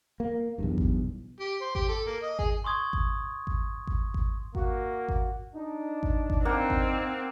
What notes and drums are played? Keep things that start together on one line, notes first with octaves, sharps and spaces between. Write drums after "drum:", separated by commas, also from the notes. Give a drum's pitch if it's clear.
A#3
B1 E2 G2
drum: kick G#1
G4
C5
G4, drum: kick G#1
A4
A#3
D#5
G#4, drum: kick G#1
C6 C#6 D#6 G#6
drum: kick G#1
drum: kick G#1
drum: kick G#1
drum: kick G#1
A#3 F#4, drum: kick G#1
drum: kick G#1
D4 D#4
drum: kick G#1
drum: kick G#1
A#3 C4 F#5
drum: kick G#1